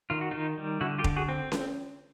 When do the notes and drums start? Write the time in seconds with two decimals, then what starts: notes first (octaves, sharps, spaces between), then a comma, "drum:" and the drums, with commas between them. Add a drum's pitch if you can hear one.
0.10 D#3 F4
0.21 F#4
0.31 D#3 D#4 F4
0.58 G3
0.81 D3 E4 F#4
0.98 F4 G4
1.04 D3, drum: kick
1.16 F#4 G#4
1.29 C4
1.52 drum: snare C#4